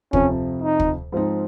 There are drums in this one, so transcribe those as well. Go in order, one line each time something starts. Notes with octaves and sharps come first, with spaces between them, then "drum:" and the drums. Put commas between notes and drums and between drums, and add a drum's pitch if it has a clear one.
F2 C3 F3 C#4, drum: kick
D#4
drum: kick
G#2 F3 C4 D#4